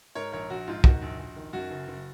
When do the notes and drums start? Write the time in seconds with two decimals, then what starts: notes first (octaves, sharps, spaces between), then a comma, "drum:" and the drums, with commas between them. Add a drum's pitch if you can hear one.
0.15 G#2 A#4 C#5
0.32 A#1 A#4 C#5
0.50 A#1 F#4
0.67 G#2 F4
0.84 D#3 F#4, drum: kick
1.02 A#1
1.19 A#1
1.36 D#3
1.53 F#2 F#4
1.71 F#1
1.87 F#1